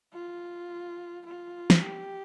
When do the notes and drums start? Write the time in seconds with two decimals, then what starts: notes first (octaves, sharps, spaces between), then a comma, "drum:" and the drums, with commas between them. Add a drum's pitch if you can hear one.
0.13 F4
1.26 F4
1.70 drum: snare
1.82 G4